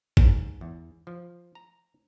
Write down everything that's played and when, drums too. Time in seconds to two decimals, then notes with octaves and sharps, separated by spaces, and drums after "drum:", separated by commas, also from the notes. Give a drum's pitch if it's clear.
0.17 G#2, drum: kick G1
0.61 E2
1.07 F3
1.55 A#5